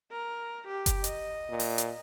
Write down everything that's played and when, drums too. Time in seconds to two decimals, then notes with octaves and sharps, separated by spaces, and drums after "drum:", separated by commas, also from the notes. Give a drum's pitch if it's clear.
0.11 A#4
0.68 G4
0.86 drum: kick F#1, hi-hat
1.04 D#5, drum: hi-hat
1.50 A#2
1.60 drum: open hi-hat
1.78 drum: hi-hat